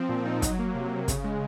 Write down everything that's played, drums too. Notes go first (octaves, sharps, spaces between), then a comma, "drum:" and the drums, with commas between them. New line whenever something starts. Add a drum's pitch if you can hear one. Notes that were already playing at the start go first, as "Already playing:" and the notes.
Already playing: F3 C4
A#2
D#4
F#3, drum: kick, hi-hat
A#3
C3
C3
C#3, drum: kick, hi-hat
G#3